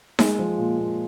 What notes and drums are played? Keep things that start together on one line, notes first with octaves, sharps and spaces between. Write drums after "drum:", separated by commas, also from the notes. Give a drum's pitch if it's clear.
G#3, drum: snare D#4
F3
A#2
A#2